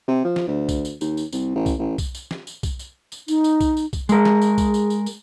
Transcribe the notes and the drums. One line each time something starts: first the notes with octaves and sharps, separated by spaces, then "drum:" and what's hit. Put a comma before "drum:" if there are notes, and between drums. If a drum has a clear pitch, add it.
C3
F3
drum: snare
D2
drum: kick B1, tambourine
drum: tambourine
D#2, drum: tambourine
drum: tambourine
C2, drum: tambourine
A1
drum: kick B1, tambourine
A1
drum: kick B1, tambourine
drum: tambourine
drum: snare
drum: tambourine
drum: kick B1, tambourine
drum: tambourine
drum: tambourine
D#4, drum: tambourine
drum: tambourine
drum: kick B1, tambourine
drum: tambourine
drum: kick B1, tambourine
G#3 G#4 A#4, drum: tambourine
drum: snare
drum: tambourine
drum: kick B1, tambourine
drum: tambourine
drum: tambourine
drum: tambourine